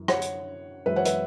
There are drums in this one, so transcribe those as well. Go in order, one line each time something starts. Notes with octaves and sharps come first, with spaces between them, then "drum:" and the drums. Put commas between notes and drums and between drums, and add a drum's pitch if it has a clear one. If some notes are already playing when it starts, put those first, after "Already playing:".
Already playing: F#2 E3
C#5 F#5, drum: rim click
drum: hi-hat
F#2 E3 G#3 B4 E5
C#5 F#5
B4 E5, drum: hi-hat